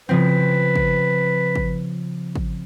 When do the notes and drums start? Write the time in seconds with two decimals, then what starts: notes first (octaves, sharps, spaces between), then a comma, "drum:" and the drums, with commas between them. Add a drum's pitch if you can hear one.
0.09 C#3 F3 C4 B4
0.75 drum: kick
1.55 drum: kick
2.35 drum: kick